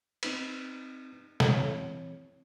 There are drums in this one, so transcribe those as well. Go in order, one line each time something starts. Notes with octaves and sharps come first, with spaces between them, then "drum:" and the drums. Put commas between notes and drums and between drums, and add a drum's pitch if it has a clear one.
C4 D#4 B4, drum: cymbal
E3 C4 C#5, drum: snare